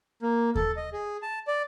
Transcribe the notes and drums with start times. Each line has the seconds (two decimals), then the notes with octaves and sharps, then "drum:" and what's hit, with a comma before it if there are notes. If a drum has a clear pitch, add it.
0.22 A#3
0.55 A4, drum: kick D#2
0.77 D#5
0.93 G#4
1.22 A5
1.47 D5